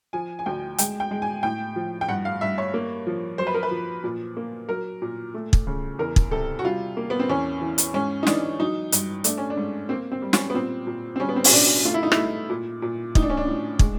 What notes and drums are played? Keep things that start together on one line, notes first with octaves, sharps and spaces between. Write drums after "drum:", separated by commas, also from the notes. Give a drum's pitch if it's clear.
F3 G#5
G#5
D2 G5
G#3 G5, drum: hi-hat
G5
G#3
G#5
A2 G5
F3
G5
G2 F#5
F5
G2 E5
C#5
A#3
F3
F#2 C5
B4
A#4
B4
F3
A#2
A#3
F#3 A#4
A#2
A3
drum: kick
C#3
E2 A#4
drum: kick
C3 A4
F#4
G3 F4
A#3
B3
C4
E2 C#4
E3
drum: hi-hat
G#2 C#4
D#4
E3 D4, drum: snare
F#3 D#4
G2, drum: hi-hat
A3 D4, drum: hi-hat
C#4
D4
G#2
A#3 C4
C4
G3
C#4, drum: snare
B3
A#2 C4
A#2
C4
G3 C#4
B3
C4
C#4, drum: open hi-hat
B2 D4
A3 F4
E4
D#4
E4, drum: rim click
A3
A#2
A#2
A2 D#4, drum: kick
D4
C#4
D4
A2
G#3, drum: kick